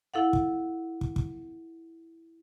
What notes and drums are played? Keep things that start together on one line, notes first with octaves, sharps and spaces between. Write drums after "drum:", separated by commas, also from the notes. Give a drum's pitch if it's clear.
E4 A4 F5 F#5
drum: kick
drum: kick
drum: kick